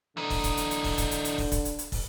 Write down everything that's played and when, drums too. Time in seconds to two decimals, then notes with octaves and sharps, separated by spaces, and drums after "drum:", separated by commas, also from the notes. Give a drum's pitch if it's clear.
0.17 D3 E3 D#4
0.30 drum: kick, open hi-hat
0.44 drum: kick, hi-hat
0.57 drum: hi-hat
0.71 drum: hi-hat
0.84 drum: kick, open hi-hat
0.98 drum: kick, hi-hat
1.11 drum: hi-hat
1.25 drum: hi-hat
1.38 drum: kick, open hi-hat
1.52 drum: kick, hi-hat
1.65 drum: hi-hat
1.79 drum: hi-hat
1.92 drum: kick, open hi-hat